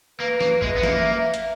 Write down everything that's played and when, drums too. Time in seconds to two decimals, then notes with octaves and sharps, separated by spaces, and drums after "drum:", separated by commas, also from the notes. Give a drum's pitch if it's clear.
0.19 A#3 B4
0.40 A#3, drum: snare
0.62 G#3 E5, drum: kick
0.76 B3
0.83 A#3, drum: snare
1.05 E5
1.34 drum: hi-hat